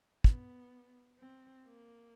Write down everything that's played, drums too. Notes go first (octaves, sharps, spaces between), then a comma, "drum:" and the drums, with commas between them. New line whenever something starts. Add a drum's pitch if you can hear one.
B3, drum: kick
C4
A#3